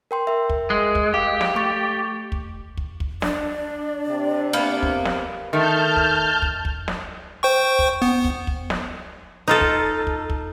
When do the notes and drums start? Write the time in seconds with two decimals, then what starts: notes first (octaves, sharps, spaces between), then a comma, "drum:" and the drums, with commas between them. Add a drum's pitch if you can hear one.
0.11 A#4 G5 C6
0.27 A#4 E5
0.50 drum: kick
0.70 G#3
0.95 drum: kick
1.14 G4 F5
1.41 drum: snare
1.55 A3 C#6 A6
2.32 drum: kick
2.77 drum: kick
3.00 drum: kick
3.22 D4 D5, drum: snare
4.08 C3
4.53 A#3 B3
4.83 drum: kick
5.05 drum: snare
5.53 D#3 A3 A5 F6 G6
5.97 drum: kick
6.42 drum: kick
6.65 drum: kick
6.88 drum: snare
7.43 C5 G5 C#6
7.79 drum: kick
8.02 B3
8.24 drum: kick
8.47 drum: kick
8.70 drum: snare
9.48 D#4 F4 A4
9.61 drum: kick
10.07 drum: kick
10.30 drum: kick